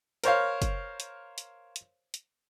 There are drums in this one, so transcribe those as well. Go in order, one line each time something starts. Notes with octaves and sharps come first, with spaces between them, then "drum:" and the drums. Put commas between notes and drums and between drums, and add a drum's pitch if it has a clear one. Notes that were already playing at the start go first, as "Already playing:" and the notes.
A#4 C5 C#5 F5, drum: hi-hat
drum: kick F#1, hi-hat
drum: hi-hat
drum: hi-hat
drum: hi-hat
drum: hi-hat